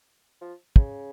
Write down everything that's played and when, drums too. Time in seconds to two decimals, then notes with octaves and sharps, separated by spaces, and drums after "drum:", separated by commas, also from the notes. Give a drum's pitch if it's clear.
0.41 F3
0.76 C#3, drum: kick